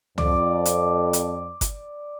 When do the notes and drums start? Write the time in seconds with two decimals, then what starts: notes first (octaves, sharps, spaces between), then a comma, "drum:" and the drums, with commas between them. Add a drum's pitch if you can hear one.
0.18 F2 D5, drum: tom
0.65 drum: hi-hat
1.13 drum: hi-hat
1.61 drum: kick G1, hi-hat